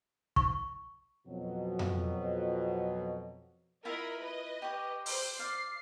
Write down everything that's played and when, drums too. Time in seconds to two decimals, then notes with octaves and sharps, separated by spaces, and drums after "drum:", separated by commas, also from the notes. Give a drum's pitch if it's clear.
0.36 C#6, drum: kick
1.27 F2 B2 F#3
1.79 drum: tom F2
3.85 E4 F4 A#4 D#5 E5 B5
4.20 B4 D#5
4.62 G4 C#5
5.06 C5, drum: open hi-hat
5.39 D5 F5 C7